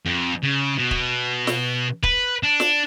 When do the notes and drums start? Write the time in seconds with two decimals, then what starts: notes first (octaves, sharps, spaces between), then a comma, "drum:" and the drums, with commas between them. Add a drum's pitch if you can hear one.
0.06 F2
0.43 C#3
0.79 B2
0.91 drum: kick
1.47 drum: snare
2.03 B4, drum: kick
2.43 D4
2.60 drum: snare